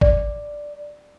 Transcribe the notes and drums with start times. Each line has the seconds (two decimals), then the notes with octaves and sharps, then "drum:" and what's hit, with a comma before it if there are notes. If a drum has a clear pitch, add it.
0.01 D5, drum: kick